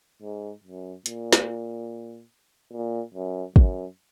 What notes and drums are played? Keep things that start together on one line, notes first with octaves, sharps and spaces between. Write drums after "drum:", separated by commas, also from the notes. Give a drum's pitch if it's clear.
G#2
F#2
A#2, drum: hi-hat
drum: snare
A#2
F#2
F#2, drum: kick